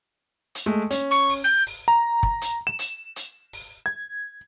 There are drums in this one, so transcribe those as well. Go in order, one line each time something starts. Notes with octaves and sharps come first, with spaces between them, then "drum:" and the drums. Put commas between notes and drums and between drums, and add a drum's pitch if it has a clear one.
drum: hi-hat
G#3 A3
C#4, drum: hi-hat
C#6
drum: open hi-hat
G6
drum: open hi-hat
A#5
drum: kick
drum: hi-hat
E7
drum: hi-hat
drum: hi-hat
drum: open hi-hat
G#6